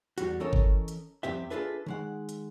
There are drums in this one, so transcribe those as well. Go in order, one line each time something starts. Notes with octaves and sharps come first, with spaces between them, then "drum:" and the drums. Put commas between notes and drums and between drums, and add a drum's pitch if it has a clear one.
E2 G3 F#4, drum: hi-hat
E3 C#4 A4 A#4 C#5 D#5
drum: kick G1
drum: hi-hat
C2 F2 C3 G4 E5
D4 F4 G#4 A4 B4 E5
D#3 G#3 F#5
drum: hi-hat